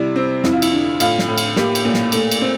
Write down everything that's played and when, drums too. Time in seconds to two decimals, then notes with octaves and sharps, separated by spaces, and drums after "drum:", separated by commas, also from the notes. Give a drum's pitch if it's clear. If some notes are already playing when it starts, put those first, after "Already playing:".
Already playing: C3 G3 E4
0.16 C4
0.44 F2 E4, drum: snare
0.53 F4
0.62 E4, drum: cymbal
0.72 D3
1.00 A2 F4, drum: cymbal
1.19 drum: snare
1.28 A2
1.38 drum: cymbal
1.56 A#3 G4, drum: snare
1.75 drum: cymbal
1.85 A#2
1.94 drum: snare
2.12 A3, drum: cymbal
2.31 drum: cymbal
2.41 C4